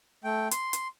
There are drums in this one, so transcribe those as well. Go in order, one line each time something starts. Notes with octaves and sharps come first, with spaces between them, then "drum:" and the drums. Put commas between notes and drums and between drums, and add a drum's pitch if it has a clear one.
A3 G5
C6, drum: hi-hat
drum: hi-hat